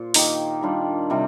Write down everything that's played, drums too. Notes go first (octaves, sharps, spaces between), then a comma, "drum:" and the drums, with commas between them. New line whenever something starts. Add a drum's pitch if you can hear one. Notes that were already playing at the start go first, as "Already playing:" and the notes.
Already playing: A#2 F4 C5
D#3 A#3 D#4 G4, drum: open hi-hat
D#3 G3 D4 F4
C3 G3 C4